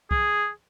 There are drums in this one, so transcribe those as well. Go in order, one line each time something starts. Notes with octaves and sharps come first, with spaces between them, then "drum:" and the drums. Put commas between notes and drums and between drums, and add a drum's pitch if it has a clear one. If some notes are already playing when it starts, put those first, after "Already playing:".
G#4, drum: kick C2